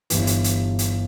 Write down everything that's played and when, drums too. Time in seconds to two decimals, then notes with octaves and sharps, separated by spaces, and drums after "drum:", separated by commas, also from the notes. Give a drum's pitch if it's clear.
0.10 G1 G2 E3, drum: hi-hat
0.27 drum: hi-hat
0.44 drum: hi-hat
0.79 drum: hi-hat